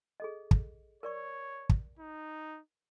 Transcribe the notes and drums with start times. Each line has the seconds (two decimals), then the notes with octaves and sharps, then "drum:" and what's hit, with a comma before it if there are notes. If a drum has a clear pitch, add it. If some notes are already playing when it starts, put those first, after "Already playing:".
0.20 G#4 A4 D#5
0.51 drum: kick
1.03 A#4 C#5 D5 C#6
1.69 drum: kick
1.99 D#4